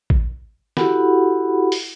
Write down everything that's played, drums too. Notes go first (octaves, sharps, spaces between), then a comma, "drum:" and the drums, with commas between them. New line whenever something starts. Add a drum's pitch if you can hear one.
drum: kick A1
E4 F#4 G4 A4 F#5 B5, drum: snare
drum: open hi-hat